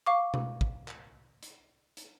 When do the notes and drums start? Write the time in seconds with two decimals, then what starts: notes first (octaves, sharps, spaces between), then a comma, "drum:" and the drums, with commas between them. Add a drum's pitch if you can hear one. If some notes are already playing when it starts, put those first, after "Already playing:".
0.06 F5 C#6 D6
0.34 drum: tom B2
0.61 drum: kick
0.88 drum: clap
1.43 drum: hi-hat
1.97 drum: hi-hat